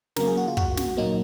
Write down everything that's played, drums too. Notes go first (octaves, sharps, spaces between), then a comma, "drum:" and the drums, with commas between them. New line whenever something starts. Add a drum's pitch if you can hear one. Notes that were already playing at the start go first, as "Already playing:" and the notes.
C#3 F#3 A#3 A#4, drum: snare
G#4
F#4
F4
F#4, drum: kick
F#4, drum: snare
A#2 F#3 A#3 D#4